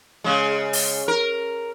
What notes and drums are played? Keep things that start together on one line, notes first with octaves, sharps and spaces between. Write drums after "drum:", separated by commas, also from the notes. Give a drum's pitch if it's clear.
C#3 G#3
drum: open hi-hat
A#4